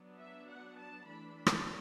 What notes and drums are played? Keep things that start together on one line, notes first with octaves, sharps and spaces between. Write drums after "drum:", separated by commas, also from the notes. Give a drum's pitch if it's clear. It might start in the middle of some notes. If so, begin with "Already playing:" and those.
Already playing: F#3 B3 D4
E5
F#5
A5
E3 A3 D4 B5
drum: rim click